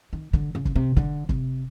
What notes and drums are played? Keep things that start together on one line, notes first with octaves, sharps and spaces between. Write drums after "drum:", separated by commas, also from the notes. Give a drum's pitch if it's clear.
D#3
D3, drum: kick
C#3
drum: kick
C3
D3, drum: kick
C3, drum: kick